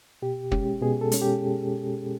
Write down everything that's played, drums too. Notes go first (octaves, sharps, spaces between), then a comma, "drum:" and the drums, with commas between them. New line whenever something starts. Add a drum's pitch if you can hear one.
B2 G4
G#3 C#4 G4, drum: kick
B2 G#4
A4
G#3 C#4, drum: hi-hat
G4